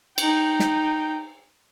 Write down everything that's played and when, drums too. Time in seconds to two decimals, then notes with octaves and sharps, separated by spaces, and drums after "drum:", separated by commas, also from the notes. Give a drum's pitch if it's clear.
0.18 D#4 G5, drum: cymbal
0.60 drum: snare